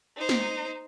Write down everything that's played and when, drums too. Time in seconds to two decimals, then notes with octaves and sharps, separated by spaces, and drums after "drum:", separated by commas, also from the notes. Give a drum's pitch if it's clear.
0.17 D#4 C5
0.29 drum: snare